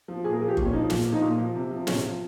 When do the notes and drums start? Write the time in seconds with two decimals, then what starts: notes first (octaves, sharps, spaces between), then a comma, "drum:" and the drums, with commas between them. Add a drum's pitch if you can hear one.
0.08 F3
0.24 A#2 G#4
0.33 A#4
0.40 F3 G#4
0.48 G4
0.57 A#2, drum: kick G1
0.65 C#4
0.73 F3 D#4
0.90 A#2, drum: snare
1.06 F3
1.13 D#4
1.22 A#2 F4
1.38 F3
1.55 C3
1.71 F3
1.87 C3 C#4, drum: snare
2.03 F3